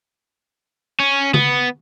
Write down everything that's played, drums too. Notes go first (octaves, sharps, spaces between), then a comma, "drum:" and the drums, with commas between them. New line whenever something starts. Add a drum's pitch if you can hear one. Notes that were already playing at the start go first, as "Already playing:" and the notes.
C#4
B3, drum: tom